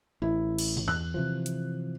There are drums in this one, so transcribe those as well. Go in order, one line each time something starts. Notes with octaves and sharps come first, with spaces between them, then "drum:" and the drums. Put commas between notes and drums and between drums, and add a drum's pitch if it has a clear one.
A1 E4
drum: cymbal
drum: tom G2
E2 F#6
C3 E3 F3
drum: hi-hat